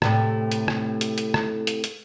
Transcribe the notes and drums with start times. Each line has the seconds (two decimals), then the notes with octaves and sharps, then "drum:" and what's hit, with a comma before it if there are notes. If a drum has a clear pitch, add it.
0.02 A2 C3 B4, drum: rim click
0.52 drum: hi-hat
0.68 drum: rim click
1.01 drum: hi-hat
1.18 drum: hi-hat
1.34 drum: rim click
1.67 drum: hi-hat
1.84 drum: hi-hat